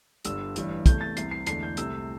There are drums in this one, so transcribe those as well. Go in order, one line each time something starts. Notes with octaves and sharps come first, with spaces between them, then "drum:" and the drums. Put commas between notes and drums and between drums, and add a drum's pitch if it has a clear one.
G1 G2 D3 G3 E6, drum: hi-hat
A1 G2 E3, drum: hi-hat
E2 C3 A3 G6, drum: kick, hi-hat
A6
C2 C3 E3 C7, drum: hi-hat
C7
E1 E2 D3 A3 C7, drum: hi-hat
G6
C2 C3 A3 E6, drum: hi-hat